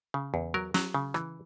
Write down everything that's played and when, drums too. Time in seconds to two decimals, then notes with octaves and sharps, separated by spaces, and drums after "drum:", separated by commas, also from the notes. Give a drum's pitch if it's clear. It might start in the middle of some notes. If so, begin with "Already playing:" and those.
0.14 C#3
0.34 E2
0.54 F#3 A#4
0.74 F#3, drum: snare
0.95 C#3
1.14 E3, drum: rim click